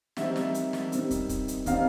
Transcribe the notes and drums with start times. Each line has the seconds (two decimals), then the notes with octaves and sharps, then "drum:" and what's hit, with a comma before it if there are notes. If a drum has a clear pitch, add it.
0.17 D#3 G3 C4 E5, drum: snare
0.36 drum: snare
0.54 drum: hi-hat
0.73 drum: snare
0.92 D#3 G3 C4, drum: hi-hat
1.11 drum: kick, hi-hat
1.29 drum: kick, hi-hat
1.48 drum: hi-hat
1.66 D#3 G3 C4 F5, drum: kick, hi-hat